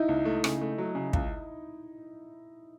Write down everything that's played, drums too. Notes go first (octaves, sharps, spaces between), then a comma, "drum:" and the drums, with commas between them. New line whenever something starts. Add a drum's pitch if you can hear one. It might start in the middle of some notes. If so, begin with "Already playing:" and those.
Already playing: D#4 E4
C#2
A3
C#3, drum: rim click
A3
F#3
C#3
C#2, drum: kick